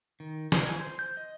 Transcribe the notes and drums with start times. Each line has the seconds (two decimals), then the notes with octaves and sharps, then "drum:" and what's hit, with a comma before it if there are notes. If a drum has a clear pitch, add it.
0.20 D#3
0.52 C5, drum: snare
0.65 G#5
0.80 C5
0.99 G6
1.17 D#5